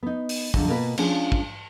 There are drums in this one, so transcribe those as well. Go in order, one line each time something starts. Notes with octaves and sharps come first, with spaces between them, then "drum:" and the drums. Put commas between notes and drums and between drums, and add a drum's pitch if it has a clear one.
B3 D#4
drum: open hi-hat
E2 G#2 D3 F3 F#3, drum: kick
B2 A#3 B3 F4 A4 B4
F3 G#3 C#4 D4 F4, drum: cymbal
drum: kick